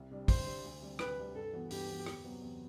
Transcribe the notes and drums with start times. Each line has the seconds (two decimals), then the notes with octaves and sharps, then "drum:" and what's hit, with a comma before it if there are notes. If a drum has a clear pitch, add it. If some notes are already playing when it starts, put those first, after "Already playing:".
Already playing: C2
0.11 C3 G3 D4
0.28 C2 C5, drum: kick, open hi-hat
0.46 C3 G3 D4
0.64 D2
0.82 C3 G3
0.99 D2 B4, drum: rim click
1.17 C3 G3
1.35 G2 A4
1.53 E3 B3 F#4
1.70 G2 G4, drum: open hi-hat
1.88 E3 B3 F#4
2.06 E2, drum: rim click
2.24 C3 F#3 B3
2.42 E2